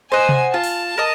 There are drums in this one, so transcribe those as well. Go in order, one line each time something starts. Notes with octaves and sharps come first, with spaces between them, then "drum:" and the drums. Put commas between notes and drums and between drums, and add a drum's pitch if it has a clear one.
C5 D#5 F#5 G#5
drum: tom C3
F4 A5
drum: open hi-hat
A#4 D#5